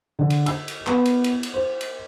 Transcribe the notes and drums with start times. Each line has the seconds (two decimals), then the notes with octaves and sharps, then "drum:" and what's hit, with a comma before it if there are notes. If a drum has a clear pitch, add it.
0.19 D3
0.30 drum: cymbal
0.46 E6, drum: cymbal
0.68 drum: cymbal
0.87 B3, drum: clap
1.06 drum: cymbal
1.24 drum: cymbal
1.43 drum: cymbal
1.54 C5
1.81 drum: cymbal